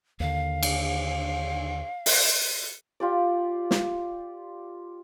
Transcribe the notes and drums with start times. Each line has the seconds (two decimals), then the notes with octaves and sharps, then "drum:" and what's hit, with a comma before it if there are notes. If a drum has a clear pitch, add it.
0.20 D#2 D3 F5
0.63 drum: cymbal
2.06 drum: open hi-hat
3.00 F4 G4 D5
3.71 drum: snare